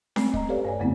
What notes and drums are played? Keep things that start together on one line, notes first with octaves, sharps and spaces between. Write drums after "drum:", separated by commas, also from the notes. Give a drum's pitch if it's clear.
A3 C4 C#4, drum: snare C#4
D#5 A#5, drum: kick
G4 A4 B4 C#5 D5 F5
G2 C#5 G#5
F2 C#3 A3 B3 C4 E4